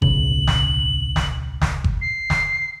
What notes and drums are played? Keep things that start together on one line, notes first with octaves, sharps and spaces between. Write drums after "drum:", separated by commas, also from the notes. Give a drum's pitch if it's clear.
D1 B1 C#3 F#7, drum: kick G1
drum: snare
drum: snare
drum: snare
drum: kick G1
C7
drum: snare